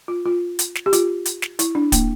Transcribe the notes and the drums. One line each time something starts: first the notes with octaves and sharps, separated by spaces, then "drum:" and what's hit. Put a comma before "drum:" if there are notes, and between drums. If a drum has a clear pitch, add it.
F4
F4
drum: hi-hat
drum: snare
G4
F4, drum: hi-hat
drum: hi-hat
drum: snare
E4, drum: hi-hat
D4
A#3, drum: kick, hi-hat